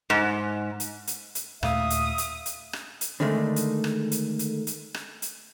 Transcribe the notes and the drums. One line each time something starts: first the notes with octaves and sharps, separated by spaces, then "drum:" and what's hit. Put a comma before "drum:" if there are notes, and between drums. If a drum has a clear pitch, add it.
G#2
drum: hi-hat
drum: hi-hat
drum: hi-hat
D#2 A#2 A3 E5 F5 D#6, drum: rim click
drum: hi-hat
drum: hi-hat
drum: hi-hat
drum: rim click
drum: hi-hat
D3 D#3 G#3 A3
drum: hi-hat
drum: rim click
drum: hi-hat
drum: hi-hat
drum: hi-hat
drum: rim click
drum: hi-hat